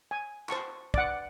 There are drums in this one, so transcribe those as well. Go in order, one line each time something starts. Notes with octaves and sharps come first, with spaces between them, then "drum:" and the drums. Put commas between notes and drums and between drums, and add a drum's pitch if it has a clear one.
G#5
C5 A5 C#6, drum: clap
D5 F#5, drum: kick